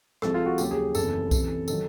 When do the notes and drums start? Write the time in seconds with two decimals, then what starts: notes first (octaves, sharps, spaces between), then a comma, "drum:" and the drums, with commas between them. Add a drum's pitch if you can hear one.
0.22 C2 C3 F3 G#3 A4, drum: rim click
0.34 F4
0.46 F#4
0.58 D#2 C#3 F#3 G4, drum: tambourine
0.71 G#4
0.95 F#1 E2 C3 E3 A4, drum: tambourine
1.31 F2 C3 E3, drum: kick B1, tambourine
1.68 D#3 F#3 A4, drum: tambourine